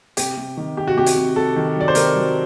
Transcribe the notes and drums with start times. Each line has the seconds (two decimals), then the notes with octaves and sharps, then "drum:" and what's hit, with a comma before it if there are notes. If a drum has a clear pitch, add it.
0.17 C3 G4, drum: hi-hat
0.37 C3
0.57 D#3
0.77 C3 G4
0.88 F#4
0.97 C3 G4
1.06 drum: hi-hat
1.16 C3
1.36 C3 A4
1.56 D#3
1.76 F#3 D5
1.88 C5
1.95 C3 A#4, drum: hi-hat
2.15 F#3